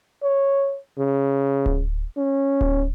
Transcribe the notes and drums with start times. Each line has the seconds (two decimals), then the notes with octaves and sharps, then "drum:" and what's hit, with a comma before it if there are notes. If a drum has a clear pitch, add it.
0.23 C#5
0.98 C#3
1.66 drum: kick D1
2.18 C#4
2.61 drum: kick D1